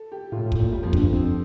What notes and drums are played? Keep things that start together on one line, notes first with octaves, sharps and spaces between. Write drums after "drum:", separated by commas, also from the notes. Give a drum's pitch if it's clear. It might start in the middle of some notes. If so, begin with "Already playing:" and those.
Already playing: A4
G4
A2 F4
A2
A3, drum: kick
A#2
G3
F2 F3
D3, drum: kick
G2
F2 C4